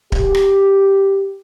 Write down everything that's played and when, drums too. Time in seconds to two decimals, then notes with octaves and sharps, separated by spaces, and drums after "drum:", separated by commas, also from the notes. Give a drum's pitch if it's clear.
0.12 G4, drum: kick D1
0.35 drum: rim click